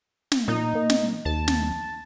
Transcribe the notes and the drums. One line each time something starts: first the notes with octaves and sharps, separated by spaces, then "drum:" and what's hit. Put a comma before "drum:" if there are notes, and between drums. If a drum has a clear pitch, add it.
drum: snare
A#2 D#4
A#3
drum: snare
D#2 A5
drum: snare